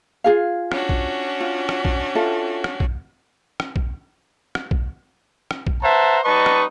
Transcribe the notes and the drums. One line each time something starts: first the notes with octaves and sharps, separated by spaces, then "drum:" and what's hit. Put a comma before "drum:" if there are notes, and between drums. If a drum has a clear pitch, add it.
F4 G#4 F5
C#4 D4 F#4, drum: rim click
drum: kick
F4
drum: rim click
drum: kick
F4 A4 E5
drum: rim click
drum: kick
drum: rim click
drum: kick
drum: rim click
drum: kick
drum: rim click
drum: kick
B4 C5 E5 F#5 A5 A#5
G3 D#4 B4 D#5 A5 C#6
drum: rim click